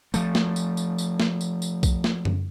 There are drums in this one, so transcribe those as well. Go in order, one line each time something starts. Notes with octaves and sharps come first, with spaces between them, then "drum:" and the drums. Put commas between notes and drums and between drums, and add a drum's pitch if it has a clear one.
F3 A3, drum: tambourine
drum: snare
drum: tambourine
drum: tambourine
drum: tambourine
drum: snare
drum: tambourine
drum: tambourine
drum: kick B1, tambourine
drum: snare
drum: tom F#2